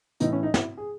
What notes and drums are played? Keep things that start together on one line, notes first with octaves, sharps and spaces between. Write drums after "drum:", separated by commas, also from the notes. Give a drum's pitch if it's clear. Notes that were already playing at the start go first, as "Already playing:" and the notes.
A2 E3 D#4, drum: hi-hat
C#4
D#4
E4, drum: snare
G#4